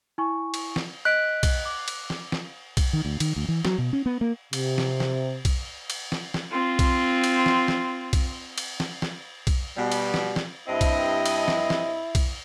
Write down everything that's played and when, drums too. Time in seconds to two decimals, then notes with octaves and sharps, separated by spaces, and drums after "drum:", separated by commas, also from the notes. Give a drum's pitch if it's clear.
0.18 E4 G#5 C#6
0.54 drum: cymbal
0.76 drum: snare
1.05 D#5 F#6 B6 D7
1.43 drum: kick B1, cymbal
1.65 D6
1.88 drum: cymbal
2.10 drum: snare
2.32 drum: snare
2.77 drum: kick B1, cymbal
2.93 D#3
3.05 D2
3.20 D#3, drum: cymbal
3.36 D2
3.48 E3
3.65 F#3, drum: snare
3.78 B2
3.93 C#4
4.06 B3
4.21 A#3
4.53 C3, drum: cymbal
4.78 drum: snare
5.00 drum: snare
5.45 drum: kick B1, cymbal
5.90 drum: cymbal
6.12 drum: snare
6.34 drum: snare
6.52 C4 F4
6.79 drum: kick B1, cymbal
7.24 drum: cymbal
7.46 drum: snare
7.68 drum: snare
8.13 drum: kick B1, cymbal
8.58 drum: cymbal
8.80 drum: snare
9.02 drum: snare
9.47 drum: kick B1, cymbal
9.77 B2 G3
9.92 drum: cymbal
10.14 drum: snare
10.36 drum: snare
10.68 G2 C4 E4 D#5
10.81 drum: kick B1, cymbal
11.26 drum: cymbal
11.48 drum: snare
11.70 drum: snare
12.15 drum: kick B1, cymbal